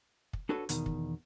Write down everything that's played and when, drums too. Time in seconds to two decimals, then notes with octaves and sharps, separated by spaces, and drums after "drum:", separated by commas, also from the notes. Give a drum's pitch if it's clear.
0.33 drum: kick
0.49 D4 F#4 A4 B4 C#5
0.69 E2 B2 D#3, drum: hi-hat
0.86 drum: kick